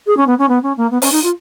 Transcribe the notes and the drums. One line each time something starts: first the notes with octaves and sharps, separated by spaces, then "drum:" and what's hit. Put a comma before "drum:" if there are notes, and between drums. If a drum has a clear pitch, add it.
G#4
C#4
B3
C#4
B3
C#4
A#3
B3
C#4, drum: open hi-hat
D#4
F4